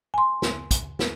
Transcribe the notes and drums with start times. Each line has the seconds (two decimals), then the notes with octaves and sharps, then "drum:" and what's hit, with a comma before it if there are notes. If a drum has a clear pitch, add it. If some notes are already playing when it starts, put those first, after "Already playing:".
0.14 G#5 C6
0.42 drum: snare
0.71 drum: kick, hi-hat
0.99 drum: snare